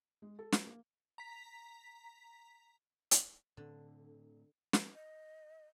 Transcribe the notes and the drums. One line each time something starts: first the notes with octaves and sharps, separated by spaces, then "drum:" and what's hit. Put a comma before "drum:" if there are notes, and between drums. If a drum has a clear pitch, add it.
G#3
A4
F3, drum: snare
A#3
A#5 B6
drum: hi-hat
A2 D3 C4
drum: snare
D#5